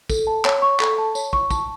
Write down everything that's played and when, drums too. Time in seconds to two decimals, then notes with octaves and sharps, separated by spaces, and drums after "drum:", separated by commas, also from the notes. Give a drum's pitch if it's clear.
0.10 A4, drum: kick, tambourine
0.27 A5
0.45 C#5, drum: clap
0.62 C#6
0.80 A4, drum: clap
0.98 A5
1.15 C#5, drum: tambourine
1.33 C#6, drum: kick
1.50 A5, drum: kick, tambourine